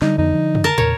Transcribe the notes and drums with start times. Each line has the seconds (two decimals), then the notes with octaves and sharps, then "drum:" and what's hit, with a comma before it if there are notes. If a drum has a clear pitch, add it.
0.02 D3 G3 D#4, drum: snare
0.18 F2 F3 B3 D#4
0.33 F3
0.55 drum: tom
0.64 A#4 A5
0.78 E2 A#2 C#3 A#4 C#5